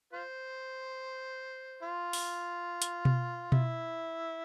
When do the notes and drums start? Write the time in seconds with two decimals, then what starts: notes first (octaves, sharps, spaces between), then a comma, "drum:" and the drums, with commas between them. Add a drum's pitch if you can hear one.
0.13 F4 C5
1.83 F4
2.13 drum: open hi-hat
2.82 drum: hi-hat
3.05 drum: tom B2
3.52 E4, drum: tom B2